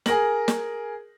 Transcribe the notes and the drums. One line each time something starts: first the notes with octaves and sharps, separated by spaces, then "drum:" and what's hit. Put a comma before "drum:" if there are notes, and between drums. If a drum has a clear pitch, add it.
G#4 A#4 A#6 F#7, drum: snare
drum: snare